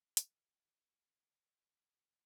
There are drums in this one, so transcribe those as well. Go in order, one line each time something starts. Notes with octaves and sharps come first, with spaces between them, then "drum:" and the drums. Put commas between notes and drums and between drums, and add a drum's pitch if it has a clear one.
G3, drum: hi-hat